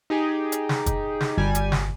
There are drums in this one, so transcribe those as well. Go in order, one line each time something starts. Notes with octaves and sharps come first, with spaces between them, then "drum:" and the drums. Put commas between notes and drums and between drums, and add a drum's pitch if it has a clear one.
D#4 G4 G#4
drum: hi-hat
drum: snare
drum: kick, hi-hat
drum: snare
G1 G3 G#5
drum: hi-hat
drum: snare